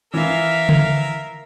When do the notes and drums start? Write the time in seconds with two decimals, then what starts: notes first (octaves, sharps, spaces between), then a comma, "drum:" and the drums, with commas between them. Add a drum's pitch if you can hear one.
0.14 E3 A#4 E5 F5
0.69 drum: tom C#3